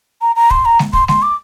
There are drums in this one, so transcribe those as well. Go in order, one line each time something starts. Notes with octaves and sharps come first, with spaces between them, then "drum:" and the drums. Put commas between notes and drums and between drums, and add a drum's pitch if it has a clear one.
A#5
A#5
C6, drum: kick
A#5
drum: snare G#3
C6, drum: kick
C6, drum: snare G#3
D6